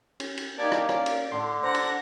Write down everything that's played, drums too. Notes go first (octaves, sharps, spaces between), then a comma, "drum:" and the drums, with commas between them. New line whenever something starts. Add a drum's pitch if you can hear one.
C#4, drum: cymbal
drum: cymbal
A#3 D#4 G4 D5 A5 G#6 A6
drum: rim click
C#4 A#4 D5, drum: rim click
drum: cymbal
A2 D3 C6
D4 C5 F#5 A#5 A#6
drum: cymbal